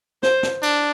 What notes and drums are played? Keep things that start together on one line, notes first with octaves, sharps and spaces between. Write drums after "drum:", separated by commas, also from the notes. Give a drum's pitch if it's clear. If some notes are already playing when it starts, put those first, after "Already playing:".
C5, drum: snare
drum: snare
D4, drum: cymbal